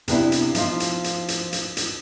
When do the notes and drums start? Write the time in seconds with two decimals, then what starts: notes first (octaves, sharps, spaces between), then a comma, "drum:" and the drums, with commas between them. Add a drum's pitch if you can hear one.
0.08 C3 B3 D4 E4, drum: hi-hat
0.32 drum: hi-hat
0.55 F3 D#4 F4, drum: hi-hat
0.80 drum: hi-hat
1.04 drum: hi-hat
1.28 drum: hi-hat
1.53 drum: hi-hat
1.77 drum: hi-hat